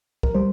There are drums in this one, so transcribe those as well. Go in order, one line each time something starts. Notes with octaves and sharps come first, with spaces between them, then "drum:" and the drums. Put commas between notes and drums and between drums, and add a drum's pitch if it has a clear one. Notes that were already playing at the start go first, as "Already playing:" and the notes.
A#4, drum: kick C2
G3 C5